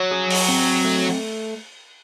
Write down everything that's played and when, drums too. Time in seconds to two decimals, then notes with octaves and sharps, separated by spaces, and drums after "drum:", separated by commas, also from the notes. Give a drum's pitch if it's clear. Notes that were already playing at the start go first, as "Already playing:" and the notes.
Already playing: F#3 C#5
0.11 G#4
0.30 drum: open hi-hat
0.48 C4
0.85 A3